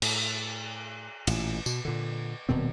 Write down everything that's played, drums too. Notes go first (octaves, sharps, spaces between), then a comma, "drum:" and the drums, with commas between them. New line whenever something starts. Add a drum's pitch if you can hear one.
A2, drum: cymbal
A1 A#2, drum: cymbal
B2, drum: tambourine
A#2 D3
D#1 B2 D#3 C4